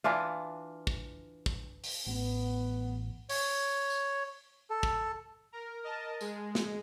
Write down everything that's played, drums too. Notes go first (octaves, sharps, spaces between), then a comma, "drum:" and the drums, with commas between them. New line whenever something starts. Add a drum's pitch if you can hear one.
E3 D4 F4
drum: kick
drum: kick
drum: open hi-hat
A1 B3
C#5, drum: open hi-hat
drum: tambourine
A4
drum: kick
A#4
A#4 D#5 A5
G#3, drum: tambourine
drum: snare